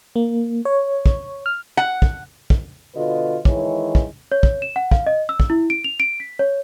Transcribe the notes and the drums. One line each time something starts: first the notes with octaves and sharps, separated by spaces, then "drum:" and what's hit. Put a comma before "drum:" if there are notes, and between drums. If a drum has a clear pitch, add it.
A#3
C#5
drum: kick
F6
F#5
drum: kick
drum: kick
B2 D3 F4 F#4 B4 D#5
D#3 E3 G#3 E4 C#5, drum: kick
drum: kick
C#5
drum: kick
E7
F#5
F5, drum: kick
D#5
E6
drum: kick
E4
D7
F7
D7
B6
C#5